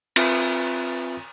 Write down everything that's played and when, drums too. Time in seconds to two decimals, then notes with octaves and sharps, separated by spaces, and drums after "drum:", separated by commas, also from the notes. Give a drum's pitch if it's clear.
0.16 C4 F4 B4 E5 G#5 B5, drum: cymbal